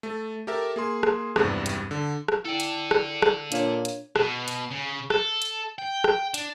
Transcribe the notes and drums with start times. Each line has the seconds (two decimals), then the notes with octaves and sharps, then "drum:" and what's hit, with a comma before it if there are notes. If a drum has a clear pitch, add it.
0.03 A3 A4
0.47 G4 A4 A#4 E5
0.76 A#3 G#4 C6
1.03 drum: rim click
1.36 G#1 E2 G2 C3 G3, drum: rim click
1.66 drum: hi-hat
1.91 D3
2.28 drum: rim click
2.45 E4 A4 D5 G5
2.60 drum: hi-hat
2.91 drum: rim click
3.22 drum: rim click
3.52 A#2 D4 C#5 G#6, drum: hi-hat
3.85 drum: hi-hat
4.16 B2, drum: rim click
4.48 drum: hi-hat
4.71 C#3
5.10 A4, drum: rim click
5.42 drum: hi-hat
5.79 G5
6.04 drum: rim click
6.34 D4, drum: hi-hat